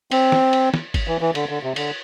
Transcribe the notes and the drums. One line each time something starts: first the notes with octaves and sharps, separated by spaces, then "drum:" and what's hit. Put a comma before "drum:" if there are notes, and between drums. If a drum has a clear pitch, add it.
C4, drum: cymbal
drum: snare
drum: cymbal
drum: snare
drum: kick, cymbal
E3
E3
D3, drum: cymbal
D3
C3
D3, drum: cymbal